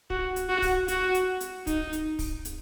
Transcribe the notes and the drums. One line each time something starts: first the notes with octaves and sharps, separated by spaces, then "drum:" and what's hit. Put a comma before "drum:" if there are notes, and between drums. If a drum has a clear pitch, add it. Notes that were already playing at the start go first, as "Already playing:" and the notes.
F#4, drum: kick
drum: hi-hat
F#4
drum: kick, open hi-hat
F#4, drum: hi-hat
drum: hi-hat
drum: hi-hat
D#4, drum: kick, hi-hat
drum: hi-hat
drum: kick, open hi-hat
drum: hi-hat